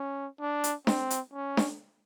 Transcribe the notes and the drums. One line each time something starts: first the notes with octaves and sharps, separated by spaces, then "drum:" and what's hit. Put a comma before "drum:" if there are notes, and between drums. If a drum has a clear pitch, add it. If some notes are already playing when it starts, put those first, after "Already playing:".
Already playing: C#4
D4
drum: hi-hat
C4, drum: snare D4
drum: hi-hat
C#4
drum: snare D4